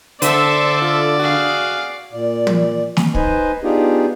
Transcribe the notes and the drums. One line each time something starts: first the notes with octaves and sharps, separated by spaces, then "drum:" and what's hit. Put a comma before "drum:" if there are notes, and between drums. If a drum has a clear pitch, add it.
D3 A4 C5 D5 E5, drum: hi-hat
F4
F#4 G#4 F5
A#2 D5
drum: tom
drum: snare
D#4 B4 C5 D#5 G#5, drum: kick
B3 D4 D#4 F4 G4 G#4